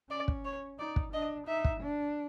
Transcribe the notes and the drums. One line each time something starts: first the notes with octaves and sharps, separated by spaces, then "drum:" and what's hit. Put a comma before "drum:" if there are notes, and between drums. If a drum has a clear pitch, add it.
C#4 D5
drum: kick
C#5
D#4 D5
drum: kick
D4 D#5
D#4 E5
drum: kick
D4